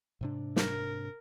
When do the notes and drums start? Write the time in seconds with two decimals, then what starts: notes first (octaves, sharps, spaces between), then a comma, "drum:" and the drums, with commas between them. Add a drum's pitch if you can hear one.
0.21 G#2 C3 D4
0.56 A#4, drum: snare